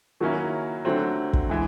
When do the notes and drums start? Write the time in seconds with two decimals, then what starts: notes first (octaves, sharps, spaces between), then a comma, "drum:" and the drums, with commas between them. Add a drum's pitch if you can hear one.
0.20 D#3 F#3 A#3 C#4 E4
0.85 D3 F#3 A3 C4
1.33 drum: kick
1.49 E3 G#3